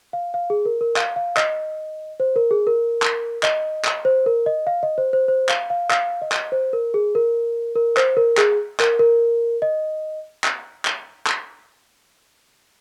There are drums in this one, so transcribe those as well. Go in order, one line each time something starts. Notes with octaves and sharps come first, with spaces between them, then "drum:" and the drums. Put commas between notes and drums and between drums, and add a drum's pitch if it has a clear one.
F5
F5
G#4
A#4
A#4
F5, drum: clap
F5
D#5, drum: clap
C5
A#4
G#4
A#4
drum: clap
D#5, drum: clap
drum: clap
C5
A#4
D#5
F5
D#5
C5
C5
C5
F5, drum: clap
F5
F5, drum: clap
D#5
drum: clap
C5
A#4
G#4
A#4
A#4
C5, drum: clap
A#4
G#4, drum: clap
A#4, drum: clap
A#4
D#5
drum: clap
drum: clap
drum: clap